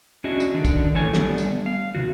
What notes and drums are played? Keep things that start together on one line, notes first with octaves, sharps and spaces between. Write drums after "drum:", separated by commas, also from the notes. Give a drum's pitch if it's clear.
C#4 D4 F#4 G#4 D#5 E5
drum: tambourine
D3 D#3 D4
drum: kick, tambourine
E3 A4 C#5 G#5
G3 A3 B3 D4, drum: snare
drum: tambourine
F5
C3 D#3 F#4